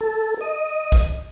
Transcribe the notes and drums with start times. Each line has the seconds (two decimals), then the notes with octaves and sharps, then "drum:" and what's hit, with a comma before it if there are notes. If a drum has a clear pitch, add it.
0.01 A4
0.41 D#5
0.92 drum: kick B1, hi-hat